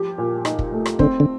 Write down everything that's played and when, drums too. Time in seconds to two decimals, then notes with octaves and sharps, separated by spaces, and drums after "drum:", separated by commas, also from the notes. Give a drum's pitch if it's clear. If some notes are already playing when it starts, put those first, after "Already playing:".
Already playing: F3 G4
0.18 A#2
0.45 D#4, drum: rim click
0.59 drum: kick
0.72 A3
0.86 drum: rim click
0.99 D3 C4, drum: kick
1.20 D3